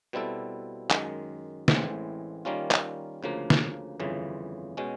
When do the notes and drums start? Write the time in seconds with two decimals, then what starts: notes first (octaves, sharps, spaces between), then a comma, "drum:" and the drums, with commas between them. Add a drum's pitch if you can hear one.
0.13 B2 G3 C4 E4 A4
0.90 F#2 D#3 G#3, drum: clap
1.68 A1 A2 E3 G#3 C4, drum: snare
2.45 D#3 G3 A#3 C#4 F4
2.71 drum: clap
3.23 D2 C#3 F3 A#3
3.50 drum: snare
4.00 G1 F2 C#3 E3
4.77 B2 G#3 C#4